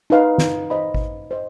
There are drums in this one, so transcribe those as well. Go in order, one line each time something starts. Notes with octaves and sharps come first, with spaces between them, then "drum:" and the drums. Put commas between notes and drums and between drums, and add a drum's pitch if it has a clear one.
D#4 B4 F5
drum: snare
C5 D#5 B5
drum: kick G#1
C5 D#5